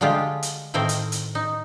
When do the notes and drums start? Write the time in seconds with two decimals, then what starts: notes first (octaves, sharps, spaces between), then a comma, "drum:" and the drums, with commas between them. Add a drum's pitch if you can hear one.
0.01 D3 G3 G#3 F4 G4
0.43 drum: hi-hat
0.74 A2 D#3 C4 A#4 C5
0.89 drum: hi-hat
1.12 drum: hi-hat
1.35 D#4